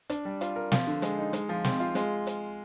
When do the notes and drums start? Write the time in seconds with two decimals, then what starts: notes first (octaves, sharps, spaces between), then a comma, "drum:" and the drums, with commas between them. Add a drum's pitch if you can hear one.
0.10 D4, drum: hi-hat
0.25 G3
0.41 F4, drum: hi-hat
0.56 A#4
0.72 F3, drum: snare
0.87 D3
1.02 G#3, drum: hi-hat
1.18 D#4
1.33 G#3, drum: hi-hat
1.49 F3
1.65 C4, drum: snare
1.80 F4
1.95 G#3, drum: hi-hat
2.27 drum: hi-hat